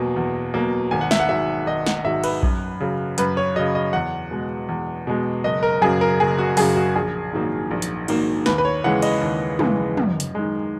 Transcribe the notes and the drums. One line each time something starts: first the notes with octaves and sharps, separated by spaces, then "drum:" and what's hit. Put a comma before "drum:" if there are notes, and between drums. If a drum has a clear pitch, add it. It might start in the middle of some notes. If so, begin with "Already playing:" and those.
Already playing: E2 B2 F#3 A#3 G#5
E2
B2 F#3 A#3
G#1 G#5
F#5
E5, drum: snare
F#5
G#2 D#3 F#3 E5
G#1 D#5
F#5, drum: snare
G#2 D#3 F#3 E5
B4, drum: cymbal
F#2, drum: kick A#1
C#3 F#3
F#2 B4, drum: hi-hat
C#5
C#3 F#3 D#5
D#5
E2 F#5
B2 G#3
E2
B2 G#3
F#1 D#5
A#4
F#2 C#3 F#3 G#4
A#4
F#1 G#4
F#4
F#2 C#3 F#3 G#4, drum: open hi-hat
F#4
A#1 G#4
G#2 D#3 F#3 A#3
A#1
drum: hi-hat
G#2 D#3 F#3 A#3, drum: cymbal
D#2 B4, drum: snare
B4
C#5
C#3 E3 G#3 F#5
D#5, drum: cymbal
D#2
C#3 E3 G#3, drum: tom
F#2, drum: tom
drum: hi-hat
D#3 G#3